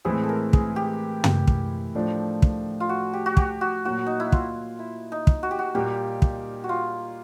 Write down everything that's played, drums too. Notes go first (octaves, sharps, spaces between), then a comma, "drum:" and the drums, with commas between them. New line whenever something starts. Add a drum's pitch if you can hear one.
A2 E3 G#3 C4 E4 G#4
A4
A#4
G#4, drum: kick
G4
drum: tom
drum: kick
A2 F3 A3 D4
drum: kick
F4
F#4
G4
F#4
G4, drum: kick
F#4
A#2 F#3 A#3 F#4
D#4
E4
F4, drum: kick
E4
D#4
drum: kick
F#4
G4
F#4
A#2 G3 A#3 G4
drum: kick
F#4
F4